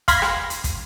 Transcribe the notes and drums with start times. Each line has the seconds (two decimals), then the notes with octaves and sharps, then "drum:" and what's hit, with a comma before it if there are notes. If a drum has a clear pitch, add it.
0.08 F5 B5 C6 G#6 A#6 B6, drum: kick, hi-hat
0.22 drum: rim click
0.50 drum: hi-hat
0.64 drum: kick, hi-hat